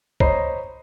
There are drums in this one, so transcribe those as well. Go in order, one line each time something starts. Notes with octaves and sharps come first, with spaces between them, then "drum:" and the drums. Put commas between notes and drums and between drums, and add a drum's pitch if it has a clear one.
C5 C#5 D#5 A#5 B5 C7, drum: kick